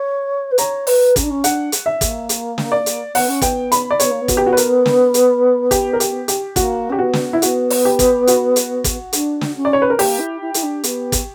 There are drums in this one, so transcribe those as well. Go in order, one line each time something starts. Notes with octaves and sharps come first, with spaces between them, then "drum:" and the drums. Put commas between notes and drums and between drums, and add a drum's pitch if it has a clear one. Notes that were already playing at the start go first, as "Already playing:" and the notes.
Already playing: C#5
B4
C#5 A#5, drum: hi-hat
B4, drum: open hi-hat
C#4, drum: kick, hi-hat
D4
C#4
D4 F#5, drum: hi-hat
drum: hi-hat
E5
A#3, drum: kick, hi-hat
drum: hi-hat
drum: snare
D5
drum: hi-hat
B3 F#5, drum: open hi-hat
C#4
B3 G5, drum: kick, hi-hat
B5, drum: hi-hat
D5
B3 C#5, drum: hi-hat
A#3
B3
F#4, drum: kick, hi-hat
G4
F#4
B4
A#4, drum: hi-hat
drum: snare
drum: hi-hat
G4, drum: kick, hi-hat
A#4
G4, drum: hi-hat
G4, drum: hi-hat
A#3 F#4, drum: kick, hi-hat
C#4 G4
B3 F#4
drum: snare
E4
B3 F#4, drum: hi-hat
drum: open hi-hat
G4
drum: kick, hi-hat
F#4, drum: hi-hat
drum: hi-hat
drum: kick, hi-hat
D4, drum: hi-hat
drum: snare
C#4
D5
C#5
B4
A#4
A#3 G4, drum: open hi-hat
E4
E4
E4, drum: hi-hat
D4
B3, drum: hi-hat
drum: kick, hi-hat